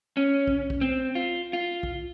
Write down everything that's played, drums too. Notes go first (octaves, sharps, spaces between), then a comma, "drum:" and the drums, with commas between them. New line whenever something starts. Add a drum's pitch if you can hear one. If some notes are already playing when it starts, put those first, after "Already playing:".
C#4
drum: kick
drum: kick
C4
F4
F4
drum: kick